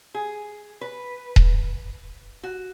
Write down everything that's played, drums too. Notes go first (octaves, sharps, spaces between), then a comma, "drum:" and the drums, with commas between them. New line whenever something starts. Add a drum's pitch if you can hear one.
G#4
B4
drum: kick D#1
F#4